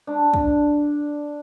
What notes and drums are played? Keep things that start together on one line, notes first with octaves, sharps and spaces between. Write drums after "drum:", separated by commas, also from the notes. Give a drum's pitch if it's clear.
D4
drum: kick